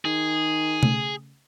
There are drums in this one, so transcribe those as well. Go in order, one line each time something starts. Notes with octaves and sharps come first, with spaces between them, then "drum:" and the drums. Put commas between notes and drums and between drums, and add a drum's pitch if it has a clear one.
D#3 G#4
C#3 A3, drum: tom B2